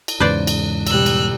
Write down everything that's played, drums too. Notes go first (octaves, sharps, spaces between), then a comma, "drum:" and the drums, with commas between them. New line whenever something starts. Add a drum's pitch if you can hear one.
drum: cymbal
E2 G#2 C#3 B4 C5 D5
drum: cymbal
B2 G3 E6 F#6, drum: cymbal
drum: cymbal